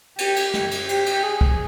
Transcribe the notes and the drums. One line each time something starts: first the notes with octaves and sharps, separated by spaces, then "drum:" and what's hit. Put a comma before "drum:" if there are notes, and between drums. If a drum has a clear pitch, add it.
G4, drum: cymbal
drum: cymbal
drum: snare
drum: cymbal
G4, drum: cymbal
drum: cymbal
G#4
drum: kick